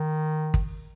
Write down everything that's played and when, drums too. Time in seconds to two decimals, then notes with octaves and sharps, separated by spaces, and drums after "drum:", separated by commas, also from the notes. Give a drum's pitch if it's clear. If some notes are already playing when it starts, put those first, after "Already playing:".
Already playing: D#3
0.54 drum: kick